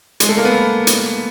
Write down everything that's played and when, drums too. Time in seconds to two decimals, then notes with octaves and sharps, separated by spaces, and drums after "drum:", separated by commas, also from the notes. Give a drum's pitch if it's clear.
0.20 G#3, drum: hi-hat
0.29 A3
0.37 A#3
0.45 B3
0.87 drum: hi-hat